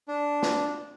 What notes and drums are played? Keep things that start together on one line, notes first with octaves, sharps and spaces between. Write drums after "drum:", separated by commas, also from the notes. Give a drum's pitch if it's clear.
D4
drum: snare